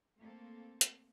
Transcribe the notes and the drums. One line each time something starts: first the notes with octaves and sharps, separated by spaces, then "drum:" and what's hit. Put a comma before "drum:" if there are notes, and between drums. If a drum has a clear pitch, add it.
A3 A#3 C4 A4
drum: hi-hat